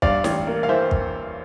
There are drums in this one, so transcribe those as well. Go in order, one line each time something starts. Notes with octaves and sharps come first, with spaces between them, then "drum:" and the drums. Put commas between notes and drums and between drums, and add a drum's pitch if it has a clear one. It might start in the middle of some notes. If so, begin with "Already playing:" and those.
G2 D5 F5, drum: kick
A1, drum: snare
A#3
F5
E3 C5 E5
drum: kick